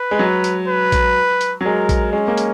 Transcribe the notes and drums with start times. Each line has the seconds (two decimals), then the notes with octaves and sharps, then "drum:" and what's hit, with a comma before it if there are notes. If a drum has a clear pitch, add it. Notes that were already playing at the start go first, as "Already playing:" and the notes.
Already playing: B4
0.11 G#3
0.19 F#3
0.44 drum: hi-hat
0.68 B4
0.92 drum: kick A#1, hi-hat
1.41 drum: hi-hat
1.61 F#3
1.65 G#3 A#4
1.89 drum: kick A#1, hi-hat
2.13 G#3 C#4
2.28 A#3
2.38 drum: hi-hat